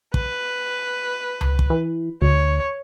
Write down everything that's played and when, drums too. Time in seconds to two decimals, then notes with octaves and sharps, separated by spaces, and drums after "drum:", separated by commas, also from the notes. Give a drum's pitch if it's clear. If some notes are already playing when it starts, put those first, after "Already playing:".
0.14 B4, drum: kick
1.41 drum: tom C#2
1.59 drum: kick
1.70 E3
2.22 D2 C#5